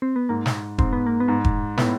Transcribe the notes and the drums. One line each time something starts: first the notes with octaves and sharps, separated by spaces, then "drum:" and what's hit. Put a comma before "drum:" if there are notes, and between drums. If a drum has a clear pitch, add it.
C4
B3
G#2 A#3
drum: snare
G#2 C4, drum: kick E1
B3
A#3
B3
G#2
drum: kick E1
A2 B3, drum: snare